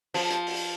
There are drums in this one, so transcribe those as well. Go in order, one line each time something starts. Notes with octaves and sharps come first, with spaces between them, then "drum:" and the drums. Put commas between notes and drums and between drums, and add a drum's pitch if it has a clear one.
F3, drum: open hi-hat
drum: hi-hat
drum: open hi-hat